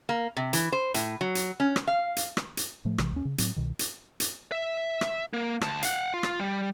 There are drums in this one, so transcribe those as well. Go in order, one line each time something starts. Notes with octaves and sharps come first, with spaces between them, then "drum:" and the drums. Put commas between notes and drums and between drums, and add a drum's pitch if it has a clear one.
A#3
C3
E3, drum: hi-hat
C5
A2, drum: hi-hat
F#3
drum: hi-hat
C#4
drum: rim click
F5
drum: hi-hat
drum: rim click
drum: hi-hat
A2 F3 A3
A#1 C3 E3 G#3, drum: rim click
D#2 C#4
C#3
A2 F#3 C4, drum: hi-hat
C2 B2 D#3
drum: hi-hat
drum: hi-hat
E5
drum: rim click
A#3
D2 A5, drum: rim click
F5 F#5, drum: hi-hat
F4
drum: rim click
G3